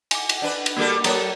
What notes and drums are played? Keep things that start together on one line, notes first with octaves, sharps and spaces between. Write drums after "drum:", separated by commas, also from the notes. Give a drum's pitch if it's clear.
G#5 D6, drum: cymbal
drum: cymbal
D4 B4
drum: cymbal
D3 G3 A#3 F#4 A4 A#4
F#3 A4 A#4 C#5 A#5, drum: cymbal